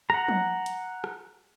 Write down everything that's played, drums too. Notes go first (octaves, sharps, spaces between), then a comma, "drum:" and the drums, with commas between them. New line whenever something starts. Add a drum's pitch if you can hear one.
F#5 A#5, drum: rim click
drum: tom F3
drum: hi-hat
drum: rim click